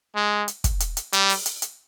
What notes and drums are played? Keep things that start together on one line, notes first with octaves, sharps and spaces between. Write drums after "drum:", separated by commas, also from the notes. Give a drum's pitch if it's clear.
G#3
drum: hi-hat
drum: kick, hi-hat
drum: hi-hat
drum: hi-hat
G3, drum: hi-hat
drum: open hi-hat
drum: hi-hat
drum: hi-hat